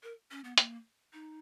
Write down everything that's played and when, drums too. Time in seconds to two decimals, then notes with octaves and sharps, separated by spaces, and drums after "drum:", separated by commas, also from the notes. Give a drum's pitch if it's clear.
0.03 A#4
0.31 C#4
0.44 B3
0.58 A#3, drum: hi-hat
1.13 D#4